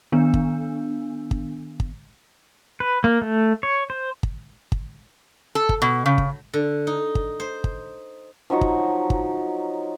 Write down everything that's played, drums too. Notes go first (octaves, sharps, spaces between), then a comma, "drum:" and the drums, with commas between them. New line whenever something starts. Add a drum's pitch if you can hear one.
D#3 B3 D4
drum: kick
drum: kick
drum: kick
B4
A#3
A3
C#5
C5
drum: kick
drum: kick
A4
drum: kick
B2
C#3
drum: kick
D3
D#4
drum: kick
C5
drum: kick
F3 F#3 D#4 C#6
drum: kick
drum: kick